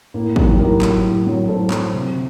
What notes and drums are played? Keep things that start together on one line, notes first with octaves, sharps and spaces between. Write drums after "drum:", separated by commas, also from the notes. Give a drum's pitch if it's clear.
A2 A#3
F#3 D#4 G4, drum: kick
A2 G4 A#4
F#3, drum: clap
A2
F#3
A2 A4 C5
F#3, drum: clap
C3